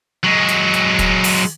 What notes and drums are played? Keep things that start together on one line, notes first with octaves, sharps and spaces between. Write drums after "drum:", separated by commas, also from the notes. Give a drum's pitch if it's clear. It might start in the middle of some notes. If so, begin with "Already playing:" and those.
F#3 G#3
drum: hi-hat
drum: hi-hat
drum: kick, hi-hat
drum: open hi-hat